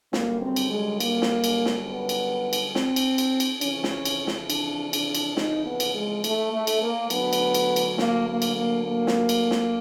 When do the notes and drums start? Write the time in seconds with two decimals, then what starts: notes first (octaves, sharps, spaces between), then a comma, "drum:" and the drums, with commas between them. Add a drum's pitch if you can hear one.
0.13 F#2 D3 G3 A#3, drum: snare
0.41 C4
0.56 drum: cymbal
0.71 G#3
1.00 A#3, drum: cymbal
1.22 drum: snare
1.44 drum: cymbal
1.65 drum: snare
1.87 B3
2.09 drum: cymbal
2.53 drum: cymbal
2.75 C4, drum: snare
2.96 drum: cymbal
3.18 drum: cymbal
3.40 drum: cymbal
3.61 F2 C#3 E3 C#4, drum: cymbal
3.84 drum: snare
4.05 drum: cymbal
4.27 drum: snare
4.50 D4, drum: cymbal
4.93 D4, drum: cymbal
5.15 drum: cymbal
5.37 D#4, drum: snare
5.65 B3
5.80 drum: cymbal
5.95 G#3
6.24 A3, drum: cymbal
6.52 A3
6.67 drum: cymbal
6.82 A#3
7.10 D2 D3 F#3 B3, drum: cymbal
7.33 drum: cymbal
7.54 drum: cymbal
7.76 drum: cymbal
7.98 A#3, drum: snare
8.27 A#3
8.42 drum: cymbal
8.56 A#3
8.86 A#3
9.07 drum: snare
9.29 drum: cymbal
9.51 drum: snare